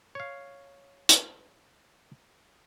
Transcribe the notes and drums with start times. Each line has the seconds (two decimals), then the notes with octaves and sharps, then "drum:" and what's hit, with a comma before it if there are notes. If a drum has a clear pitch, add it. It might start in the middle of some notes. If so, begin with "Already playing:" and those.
0.15 C#5 F5
1.09 drum: hi-hat